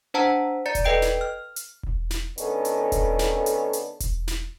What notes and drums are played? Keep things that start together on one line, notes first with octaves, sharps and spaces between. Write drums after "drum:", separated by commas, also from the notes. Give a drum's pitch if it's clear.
D4 C5 F#5 A5 A#5 E6
D5 A#5 A6 C#7
drum: kick E1, hi-hat
A4 B4 D#5 G5 G6 D7
drum: snare
F6
drum: hi-hat
drum: kick E1
drum: snare
D#3 B3 C#4 D4 A4, drum: hi-hat
drum: hi-hat
drum: kick E1, hi-hat
drum: snare
drum: hi-hat
drum: hi-hat
drum: kick E1, hi-hat
drum: snare